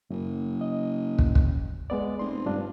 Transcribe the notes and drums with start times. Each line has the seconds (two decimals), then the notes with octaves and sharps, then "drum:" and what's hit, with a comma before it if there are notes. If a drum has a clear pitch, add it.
0.10 F#1 F#2
0.61 D#5
1.18 drum: kick
1.35 drum: kick
1.90 G#3 B3 D5
2.19 F1 C6
2.46 G2 D4 F4